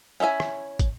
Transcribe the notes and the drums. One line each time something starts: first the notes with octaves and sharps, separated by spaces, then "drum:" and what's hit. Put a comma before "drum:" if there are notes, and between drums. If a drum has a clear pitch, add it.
C#4 E4 E5 G#5
drum: rim click
drum: kick, hi-hat